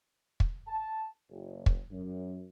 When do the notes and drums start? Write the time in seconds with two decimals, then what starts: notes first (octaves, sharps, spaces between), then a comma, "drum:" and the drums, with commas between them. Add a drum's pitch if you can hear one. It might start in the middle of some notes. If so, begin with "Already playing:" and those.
0.40 drum: kick
0.67 A5
1.30 F#1
1.66 drum: kick
1.91 F#2